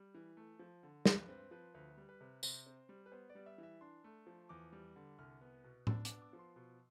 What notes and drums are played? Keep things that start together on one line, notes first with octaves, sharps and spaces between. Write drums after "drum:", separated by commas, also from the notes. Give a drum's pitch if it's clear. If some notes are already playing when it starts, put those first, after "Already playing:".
Already playing: G3
E3
A3
F3
D3
G2 B4, drum: snare
C4 B4
F3 B4
D2 B4
G3
B4
C3
C3 C5, drum: tambourine
C4
G3
B4
B3 C5
D5
G3
E5
E3
E5
D4 C6
A3
F3
E2 D6
G3
D3
C2 F6
B3
B2
D4 E6, drum: tom A2
D6, drum: hi-hat
B3
D6
F3
C6
B2